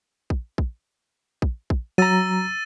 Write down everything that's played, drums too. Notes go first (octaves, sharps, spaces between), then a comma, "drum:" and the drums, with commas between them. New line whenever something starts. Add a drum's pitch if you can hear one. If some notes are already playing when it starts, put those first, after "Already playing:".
drum: kick
drum: kick
drum: kick
drum: kick
F#3 A#5 E6 A6 D#7